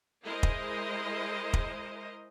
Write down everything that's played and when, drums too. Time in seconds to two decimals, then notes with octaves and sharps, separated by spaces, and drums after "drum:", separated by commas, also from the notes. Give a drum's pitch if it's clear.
0.25 G#3 E4 A#4 C5 D#5
0.43 drum: kick
1.53 drum: kick